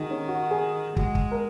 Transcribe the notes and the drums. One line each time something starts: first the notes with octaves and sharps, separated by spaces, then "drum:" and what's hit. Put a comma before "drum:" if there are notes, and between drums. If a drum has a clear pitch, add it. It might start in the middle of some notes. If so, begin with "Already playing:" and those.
Already playing: D#3 D#4 F#4 G#4
C#4
F#4
F#4
G#4
G#3 F#4, drum: kick
drum: kick
A#4